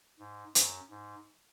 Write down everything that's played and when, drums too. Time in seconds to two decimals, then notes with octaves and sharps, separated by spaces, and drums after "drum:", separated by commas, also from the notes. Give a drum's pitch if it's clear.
0.19 G#2
0.55 F#2, drum: hi-hat
0.90 G#2